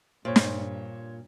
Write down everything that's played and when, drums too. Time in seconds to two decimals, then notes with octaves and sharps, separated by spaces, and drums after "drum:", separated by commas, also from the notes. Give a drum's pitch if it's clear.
0.25 G2 A#2 C5 C#5
0.36 drum: snare